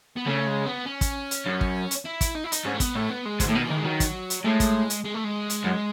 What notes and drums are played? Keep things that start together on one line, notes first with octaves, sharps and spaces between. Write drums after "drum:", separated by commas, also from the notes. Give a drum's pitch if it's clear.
B3
C#3 A3
G#3
B3
C#4
drum: kick, hi-hat
drum: hi-hat
F#2
drum: kick
drum: hi-hat
E4
drum: kick, hi-hat
D#4
E4
D#4, drum: hi-hat
G#2 C#4
A3
B3, drum: kick, hi-hat
A2 A3
B3
G#3
G#2, drum: kick, hi-hat
A2 D#3
B2
D#3 E3
G#3
D#3 F#3
drum: kick, hi-hat
drum: hi-hat
A2 G#3
drum: kick, hi-hat
drum: hi-hat
G#3
A3
G#3
drum: hi-hat
F#2